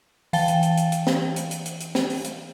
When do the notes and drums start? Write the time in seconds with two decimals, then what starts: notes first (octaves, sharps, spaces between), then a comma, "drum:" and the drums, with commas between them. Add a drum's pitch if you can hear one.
0.33 E3 F5 G5 A5 A6 G7, drum: open hi-hat
0.48 drum: hi-hat
0.63 drum: hi-hat
0.77 drum: hi-hat
0.92 drum: hi-hat
1.07 drum: snare
1.36 drum: hi-hat
1.51 drum: hi-hat
1.66 drum: hi-hat
1.80 drum: hi-hat
1.95 drum: snare
2.10 drum: open hi-hat
2.24 drum: hi-hat